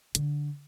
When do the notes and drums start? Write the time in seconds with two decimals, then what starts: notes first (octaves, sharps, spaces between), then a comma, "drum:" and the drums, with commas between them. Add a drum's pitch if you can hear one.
0.15 D3, drum: hi-hat